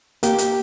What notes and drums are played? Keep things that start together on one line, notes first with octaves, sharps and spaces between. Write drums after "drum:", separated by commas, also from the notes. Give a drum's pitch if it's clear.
A#3 G4, drum: hi-hat
drum: hi-hat